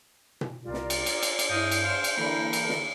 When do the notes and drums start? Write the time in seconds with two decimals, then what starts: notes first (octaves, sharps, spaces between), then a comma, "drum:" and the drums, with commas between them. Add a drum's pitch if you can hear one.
0.41 drum: tom B2
0.64 C2 G3 F4 A#4 D5
0.74 drum: snare
0.90 drum: cymbal
1.06 G#5 E6, drum: cymbal
1.23 drum: cymbal
1.39 drum: cymbal
1.49 G2 E4 D#5 F5 G6
1.71 drum: cymbal
1.83 C5 F5
2.04 drum: cymbal
2.17 D3 E3 A#3 A4 A#4 B5
2.53 drum: cymbal
2.69 drum: snare